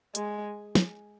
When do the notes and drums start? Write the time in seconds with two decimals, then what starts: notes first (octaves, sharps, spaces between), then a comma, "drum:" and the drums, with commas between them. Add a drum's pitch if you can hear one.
0.15 G#3, drum: hi-hat
0.75 drum: snare